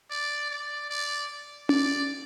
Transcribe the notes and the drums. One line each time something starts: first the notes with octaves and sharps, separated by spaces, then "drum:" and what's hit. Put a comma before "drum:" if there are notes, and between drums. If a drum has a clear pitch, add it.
D5
D5
D5
D5, drum: tom C#4